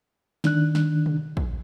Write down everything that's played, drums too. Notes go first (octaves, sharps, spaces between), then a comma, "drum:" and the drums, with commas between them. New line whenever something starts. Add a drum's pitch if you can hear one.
D#3 D4 F#6, drum: snare
drum: snare
drum: tom
drum: kick A#1